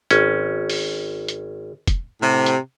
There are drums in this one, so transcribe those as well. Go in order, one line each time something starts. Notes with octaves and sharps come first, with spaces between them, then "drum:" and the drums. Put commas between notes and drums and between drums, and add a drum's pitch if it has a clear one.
G#1 C#4, drum: hi-hat
drum: open hi-hat
drum: hi-hat
drum: kick, hi-hat
A2 C3
drum: hi-hat